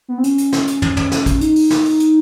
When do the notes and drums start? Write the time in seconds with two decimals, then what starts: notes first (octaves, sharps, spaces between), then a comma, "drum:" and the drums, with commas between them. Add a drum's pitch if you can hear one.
0.08 B3
0.18 C4
0.24 C#4, drum: hi-hat
0.38 drum: hi-hat
0.53 drum: snare
0.67 drum: hi-hat
0.82 drum: tom
0.97 drum: tom
1.12 drum: snare
1.26 drum: kick, hi-hat
1.41 D#4, drum: hi-hat
1.56 drum: open hi-hat
1.70 drum: snare
1.85 drum: open hi-hat
2.00 drum: hi-hat